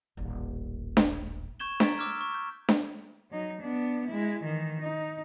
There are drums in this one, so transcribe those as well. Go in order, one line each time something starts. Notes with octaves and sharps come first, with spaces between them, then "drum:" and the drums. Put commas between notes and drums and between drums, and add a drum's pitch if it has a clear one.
D#1 A1
drum: snare D4
C#6 G6 G#6 E7 G7
A#5 G#6 A6 B6 D7, drum: snare D4
D6 E6 F6 G#6 E7
C#6
G6
drum: snare D4
F#3 D#4
B3 D4
G#3 E4
D#3 E3
D#4